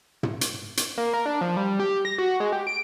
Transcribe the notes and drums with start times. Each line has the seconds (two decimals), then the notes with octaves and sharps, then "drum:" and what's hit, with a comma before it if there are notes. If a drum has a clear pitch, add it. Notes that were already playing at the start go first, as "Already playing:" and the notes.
0.23 drum: tom
0.41 drum: hi-hat
0.77 drum: hi-hat
0.98 A#3
1.14 A#4
1.26 D4
1.41 F3
1.57 G3
1.80 G4
2.05 A#6
2.18 F#4
2.40 G#3
2.52 G4
2.67 D7